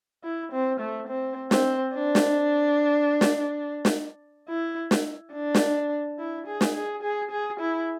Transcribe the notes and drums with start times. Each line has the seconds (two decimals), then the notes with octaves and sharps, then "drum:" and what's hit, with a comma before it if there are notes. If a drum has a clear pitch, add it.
0.24 E4
0.52 C4
0.80 A3
1.08 C4
1.51 C4, drum: snare
1.94 D4
2.15 drum: snare
3.21 drum: snare
3.85 drum: snare
4.48 E4
4.91 drum: snare
5.33 D4
5.55 drum: snare
6.18 E4
6.47 G#4
6.61 drum: snare
6.75 G#4
7.03 G#4
7.31 G#4
7.60 E4